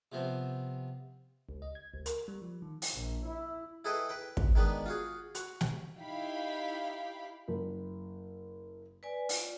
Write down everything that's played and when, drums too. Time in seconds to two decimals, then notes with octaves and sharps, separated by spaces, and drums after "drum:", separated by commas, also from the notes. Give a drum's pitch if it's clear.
0.12 C3 F3 B3 C4
1.49 C#2
1.62 D#5
1.75 G#6
1.94 C#2
2.06 A#4, drum: hi-hat
2.28 G3
2.42 F3
2.62 D#3
2.82 drum: open hi-hat
2.93 A#1
3.26 E4
3.85 E4 G#4 A4 B4 D#5 G5
4.09 B4 G5
4.37 drum: kick
4.55 D#3 G#3 B3 D4 B4
4.86 F4 F#4 G#4
5.35 F#4, drum: hi-hat
5.61 drum: snare
5.98 D#4 E4 G4 F5 G5 B5
7.48 F#1
9.03 B4 D5 G#5
9.29 F4 D5, drum: open hi-hat